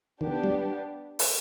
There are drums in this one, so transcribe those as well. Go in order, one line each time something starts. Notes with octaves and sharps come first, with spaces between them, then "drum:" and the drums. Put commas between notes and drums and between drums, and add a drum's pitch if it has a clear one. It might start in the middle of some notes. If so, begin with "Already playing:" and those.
D#3 B3 D4 G4
G3
drum: open hi-hat